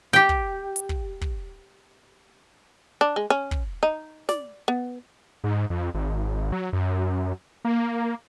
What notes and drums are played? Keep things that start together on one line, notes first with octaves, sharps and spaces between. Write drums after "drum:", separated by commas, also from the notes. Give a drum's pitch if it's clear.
G4 G5, drum: snare
drum: kick
drum: hi-hat
drum: kick
drum: kick
D4
G#3
C#4
drum: kick
D#4
D5, drum: snare
B3
G#2
F2
G#1
F#3
F#2
A#3